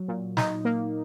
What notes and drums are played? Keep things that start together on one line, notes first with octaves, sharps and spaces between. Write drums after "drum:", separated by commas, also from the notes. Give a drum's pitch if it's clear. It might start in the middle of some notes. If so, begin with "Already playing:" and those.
Already playing: F#3
A#2
D#4, drum: snare
A#3